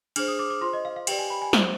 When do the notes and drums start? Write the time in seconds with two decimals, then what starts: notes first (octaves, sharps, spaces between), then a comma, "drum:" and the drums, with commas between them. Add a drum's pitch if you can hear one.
0.16 D4 G#4 C5 F6, drum: cymbal
0.28 D#6
0.39 D6
0.50 D6
0.61 F4 C5 C6
0.73 D#5
0.85 F5
0.96 F5
1.07 G4 B4 D5 G5, drum: cymbal
1.19 G#5
1.30 B5
1.42 G#5
1.53 F4 C5 F5, drum: snare